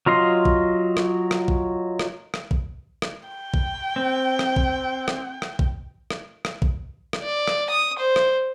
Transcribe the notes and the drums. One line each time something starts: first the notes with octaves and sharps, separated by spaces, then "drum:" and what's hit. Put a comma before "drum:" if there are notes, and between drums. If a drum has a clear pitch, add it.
F#3 F4 D#5 C6
drum: kick A#1
drum: rim click
drum: rim click
drum: kick A#1
drum: rim click
drum: rim click
drum: kick A#1
drum: rim click
G5
drum: kick A#1
C4
drum: rim click
drum: kick A#1
drum: rim click
drum: rim click
drum: kick A#1
drum: rim click
drum: rim click
drum: kick A#1
drum: rim click
D5
drum: rim click
D#6
C5
drum: rim click